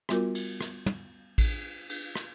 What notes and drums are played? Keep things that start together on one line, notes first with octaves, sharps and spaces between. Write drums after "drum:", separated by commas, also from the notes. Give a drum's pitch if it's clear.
G3 B3 F4 F#4 A#4, drum: rim click
drum: cymbal
drum: rim click
drum: tom
drum: kick A1, cymbal
drum: cymbal
drum: rim click